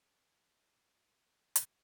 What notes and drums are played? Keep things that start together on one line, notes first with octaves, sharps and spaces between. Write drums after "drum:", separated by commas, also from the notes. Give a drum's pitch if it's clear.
F#5 A#6
drum: hi-hat